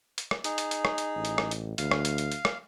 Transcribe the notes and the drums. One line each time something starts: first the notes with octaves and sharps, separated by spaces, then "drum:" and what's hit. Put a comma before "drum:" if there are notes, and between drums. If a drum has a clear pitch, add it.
drum: hi-hat
drum: rim click
D#4 G#4, drum: hi-hat
drum: hi-hat
drum: hi-hat
drum: rim click
drum: hi-hat
A1
drum: hi-hat
drum: rim click
drum: hi-hat
D2 F5, drum: hi-hat
drum: rim click
drum: hi-hat
drum: hi-hat
drum: hi-hat
drum: rim click